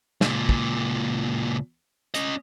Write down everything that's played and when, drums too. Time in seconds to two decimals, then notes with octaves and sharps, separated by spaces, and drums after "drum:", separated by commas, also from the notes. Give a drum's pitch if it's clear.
0.21 C#2 A#2, drum: snare
0.49 drum: kick
2.15 C#4 D#5, drum: hi-hat